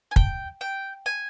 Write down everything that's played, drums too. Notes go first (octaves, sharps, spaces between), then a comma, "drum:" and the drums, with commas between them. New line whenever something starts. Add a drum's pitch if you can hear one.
G#5
G5, drum: kick
G5
G#5